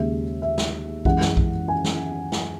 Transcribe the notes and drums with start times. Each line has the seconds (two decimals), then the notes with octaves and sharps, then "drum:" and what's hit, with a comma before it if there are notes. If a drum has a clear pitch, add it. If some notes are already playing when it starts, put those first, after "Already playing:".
Already playing: D#2 C#3 G#3 E5
0.42 E5
0.58 drum: snare
1.05 F#2 E3 G#3 F#5, drum: kick B1
1.21 drum: snare
1.37 drum: kick B1
1.68 G#5
1.85 drum: snare
2.32 drum: snare